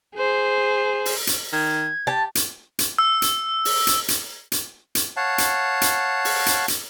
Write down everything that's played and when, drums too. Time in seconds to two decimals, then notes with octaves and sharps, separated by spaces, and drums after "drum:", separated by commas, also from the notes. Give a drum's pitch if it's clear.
0.16 G#4 C5
1.05 drum: open hi-hat
1.27 drum: hi-hat
1.53 D#3 G#6
2.07 G4 A5
2.35 drum: hi-hat
2.79 drum: hi-hat
2.98 E6
3.22 drum: hi-hat
3.65 drum: open hi-hat
3.87 drum: hi-hat
4.08 drum: hi-hat
4.52 drum: hi-hat
4.95 drum: hi-hat
5.17 C#5 F5 F#5 A5
5.38 drum: hi-hat
5.81 drum: hi-hat
6.25 drum: open hi-hat
6.46 drum: hi-hat
6.68 drum: hi-hat